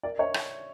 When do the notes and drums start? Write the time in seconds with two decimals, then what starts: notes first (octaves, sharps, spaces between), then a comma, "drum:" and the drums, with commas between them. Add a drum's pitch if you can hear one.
0.03 A#4 D5
0.18 C#5 E5
0.34 drum: rim click